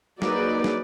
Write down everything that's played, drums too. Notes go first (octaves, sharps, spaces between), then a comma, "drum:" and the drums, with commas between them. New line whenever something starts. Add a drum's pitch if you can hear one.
F#3 A#3 D#4 G#4 B4 D5, drum: snare
drum: snare